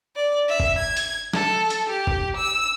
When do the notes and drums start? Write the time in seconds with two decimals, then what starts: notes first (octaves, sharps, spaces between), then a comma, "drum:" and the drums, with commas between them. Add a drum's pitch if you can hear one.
0.16 D5
0.48 E5
0.60 drum: kick F#1
0.79 G#6
0.97 drum: hi-hat
1.33 A4, drum: snare
1.70 drum: hi-hat
1.90 G4
2.07 drum: kick F#1
2.37 E6